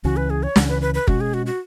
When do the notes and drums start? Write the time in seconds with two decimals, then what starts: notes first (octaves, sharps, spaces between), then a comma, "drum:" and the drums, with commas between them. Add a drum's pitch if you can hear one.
0.04 C#2 C#3 E3 C#4 F#4
0.17 B4
0.30 G#4
0.43 C#5
0.56 C#2 C#3 E3 C#4, drum: snare
0.69 B4
0.82 B4
0.94 B4
1.08 B2 G#3 C#4 F#4, drum: kick
1.21 G#4
1.34 F#4
1.46 F#4